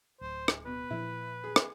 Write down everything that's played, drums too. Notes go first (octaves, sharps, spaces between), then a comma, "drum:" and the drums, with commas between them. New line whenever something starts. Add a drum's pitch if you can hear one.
D1 C5
drum: rim click
B2 B4
A#2 F3 E4
G#4
drum: rim click